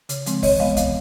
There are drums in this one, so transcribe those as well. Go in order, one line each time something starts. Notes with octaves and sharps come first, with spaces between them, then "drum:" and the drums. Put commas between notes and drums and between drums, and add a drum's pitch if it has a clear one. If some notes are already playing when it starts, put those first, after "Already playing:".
C#3, drum: hi-hat
F3 G#3 C4, drum: hi-hat
E3 C#5 D#5, drum: kick C2, open hi-hat
G#3 B3 D#5 F5
E3 D#5 F5, drum: kick C2, hi-hat